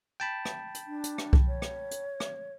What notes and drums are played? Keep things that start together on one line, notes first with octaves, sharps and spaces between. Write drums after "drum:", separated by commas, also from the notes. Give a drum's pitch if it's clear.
G5 A5 B5
drum: rim click
drum: hi-hat
D4
drum: hi-hat
drum: rim click
drum: kick C2
C#5
drum: rim click
drum: hi-hat
drum: rim click